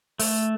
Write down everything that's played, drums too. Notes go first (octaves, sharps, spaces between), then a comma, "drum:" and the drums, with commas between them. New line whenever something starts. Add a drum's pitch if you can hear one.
A3, drum: open hi-hat